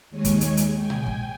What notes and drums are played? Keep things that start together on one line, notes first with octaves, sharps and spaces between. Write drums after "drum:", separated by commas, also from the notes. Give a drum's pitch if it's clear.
D#2 G#3 C#5 G#5
drum: kick, hi-hat
drum: hi-hat
drum: hi-hat
G5 G#5
drum: tom A#2
drum: kick